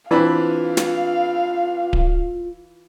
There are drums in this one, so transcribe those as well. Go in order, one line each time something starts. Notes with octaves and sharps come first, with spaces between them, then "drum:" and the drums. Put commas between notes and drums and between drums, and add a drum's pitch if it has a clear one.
E3 C4 D4 F4 B4 F5 B5
drum: snare
drum: kick D1